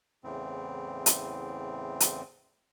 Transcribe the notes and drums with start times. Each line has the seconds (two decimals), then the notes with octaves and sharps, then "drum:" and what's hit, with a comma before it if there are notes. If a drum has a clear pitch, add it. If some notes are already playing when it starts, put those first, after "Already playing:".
0.24 E2 A2 C#3 C4
1.06 drum: hi-hat
2.00 drum: hi-hat